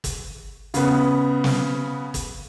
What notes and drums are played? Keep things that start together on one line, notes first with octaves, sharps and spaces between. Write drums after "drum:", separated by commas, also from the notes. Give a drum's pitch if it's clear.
drum: kick, hi-hat
C#3 B3, drum: hi-hat
drum: snare
drum: kick, hi-hat